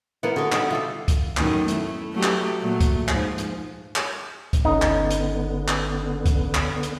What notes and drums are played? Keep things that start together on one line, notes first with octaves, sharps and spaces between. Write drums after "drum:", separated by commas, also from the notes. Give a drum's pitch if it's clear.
A#3 B3 E4 F4 A#4 F#5
D3 B3 F#4 G#4
D3 G3 B3 D#4, drum: clap
C3 G3 F4 A4
drum: kick C2, hi-hat
F#2 A2 D#3, drum: clap
A3 E4, drum: hi-hat
F#3 A3 G4
drum: clap
A#2 F#3 A3
drum: kick C2, hi-hat
G#2 F3, drum: clap
drum: hi-hat
drum: clap
drum: kick C2, hi-hat
G1 D3 B3 C#4 D#4
drum: clap
drum: hi-hat
drum: clap
drum: kick C2, hi-hat
drum: clap
drum: hi-hat